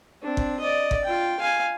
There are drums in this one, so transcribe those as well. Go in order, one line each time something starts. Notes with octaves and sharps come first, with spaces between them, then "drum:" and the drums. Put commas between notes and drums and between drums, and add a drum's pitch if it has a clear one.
C4 D4
drum: kick G1
D5 D#5
drum: kick G1
F4 G5
F5 G#5